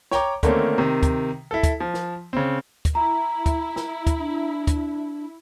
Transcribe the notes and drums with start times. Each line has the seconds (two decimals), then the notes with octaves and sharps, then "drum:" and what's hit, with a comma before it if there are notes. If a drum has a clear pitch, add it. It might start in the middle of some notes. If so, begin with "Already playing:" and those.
0.11 C#5 G5 A#5 D6, drum: snare
0.43 D3 D#3 A3 A#3 C4 C#4, drum: kick, hi-hat
0.78 C3 D#3
1.03 drum: kick, hi-hat
1.51 E4 A4
1.63 drum: kick, hi-hat
1.80 F3
1.94 drum: snare
2.33 C#3 C4
2.85 drum: kick, hi-hat
2.95 E4 A#5
3.46 drum: kick, hi-hat
3.76 drum: snare
4.07 drum: kick, hi-hat
4.18 D4
4.67 drum: kick, hi-hat